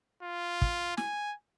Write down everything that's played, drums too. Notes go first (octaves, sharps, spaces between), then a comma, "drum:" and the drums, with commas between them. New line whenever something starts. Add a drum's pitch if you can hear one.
F4
drum: kick
G#5, drum: snare